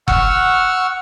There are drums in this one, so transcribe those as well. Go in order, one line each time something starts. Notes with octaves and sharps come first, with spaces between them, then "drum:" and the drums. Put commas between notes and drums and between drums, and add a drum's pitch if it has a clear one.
F#5 C#6 E6 F6, drum: kick F#1